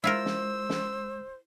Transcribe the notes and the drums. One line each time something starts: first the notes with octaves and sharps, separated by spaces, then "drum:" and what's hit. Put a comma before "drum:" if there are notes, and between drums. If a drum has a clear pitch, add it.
G#3 E4 F4 A#4 C5 E6
drum: snare
drum: snare